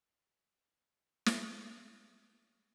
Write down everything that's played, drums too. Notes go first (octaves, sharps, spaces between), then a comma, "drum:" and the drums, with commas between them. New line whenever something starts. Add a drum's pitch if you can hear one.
C#5
drum: snare
E5
E5
F#5
E5